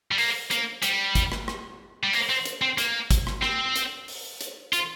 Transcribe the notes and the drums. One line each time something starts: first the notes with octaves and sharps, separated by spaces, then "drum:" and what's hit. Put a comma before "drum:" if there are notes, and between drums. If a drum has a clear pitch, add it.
G3
A#3, drum: open hi-hat
A#3, drum: hi-hat
G3, drum: hi-hat
drum: kick, hi-hat
drum: rim click
drum: rim click
G3
A#3, drum: open hi-hat
C4
drum: hi-hat
C4
A#3, drum: hi-hat
drum: kick, hi-hat
drum: rim click
C4, drum: rim click
drum: hi-hat
drum: open hi-hat
drum: hi-hat
F4, drum: hi-hat